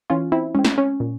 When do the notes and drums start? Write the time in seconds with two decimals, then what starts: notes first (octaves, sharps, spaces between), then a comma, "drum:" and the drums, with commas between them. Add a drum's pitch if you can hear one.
0.10 E3 C#4 F4
0.32 C4 E4
0.55 G#3 C4 C#4
0.65 drum: snare
0.78 C#4
1.00 A#2